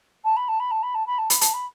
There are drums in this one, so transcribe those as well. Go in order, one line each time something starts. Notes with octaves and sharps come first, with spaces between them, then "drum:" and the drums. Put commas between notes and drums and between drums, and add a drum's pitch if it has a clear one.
A5
B5
A5
B5
A5
B5
A5
B5
A5
B5, drum: hi-hat
A5, drum: hi-hat
B5